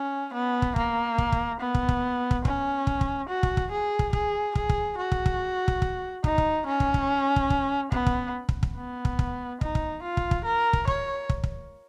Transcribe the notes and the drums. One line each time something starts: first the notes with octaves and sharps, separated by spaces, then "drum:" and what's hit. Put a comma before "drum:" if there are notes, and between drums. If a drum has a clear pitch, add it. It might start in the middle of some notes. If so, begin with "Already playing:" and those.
Already playing: C#4
B3
drum: kick
A#3, drum: kick
drum: kick
drum: kick
B3
drum: kick
drum: kick
drum: kick
C#4, drum: kick
drum: kick
drum: kick
F#4
drum: kick
drum: kick
G#4
drum: kick
G#4, drum: kick
G#4, drum: kick
drum: kick
F#4
drum: kick
drum: kick
drum: kick
drum: kick
D#4, drum: kick
drum: kick
C#4
drum: kick
drum: kick
drum: kick
drum: kick
B3, drum: kick
drum: kick
drum: kick
drum: kick
B3
drum: kick
drum: kick
D#4, drum: kick
drum: kick
F4
drum: kick
drum: kick
A#4
drum: kick
C#5, drum: kick
drum: kick
drum: kick